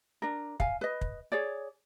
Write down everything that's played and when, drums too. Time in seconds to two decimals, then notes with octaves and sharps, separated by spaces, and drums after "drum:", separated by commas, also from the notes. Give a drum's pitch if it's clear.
0.22 D4 A#4
0.60 F5 G#5, drum: kick
0.81 B4 D#5
1.01 drum: kick
1.32 G#4 C#5 D5